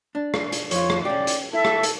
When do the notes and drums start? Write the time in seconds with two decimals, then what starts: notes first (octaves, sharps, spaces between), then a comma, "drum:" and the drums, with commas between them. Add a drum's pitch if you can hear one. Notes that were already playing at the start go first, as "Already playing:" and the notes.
0.15 D4
0.34 drum: rim click
0.52 drum: hi-hat
0.71 F2 F4 C#5, drum: hi-hat
0.90 drum: rim click
1.05 C#4 G4 D5
1.27 drum: hi-hat
1.53 E4 A4 E5
1.65 drum: rim click
1.83 drum: hi-hat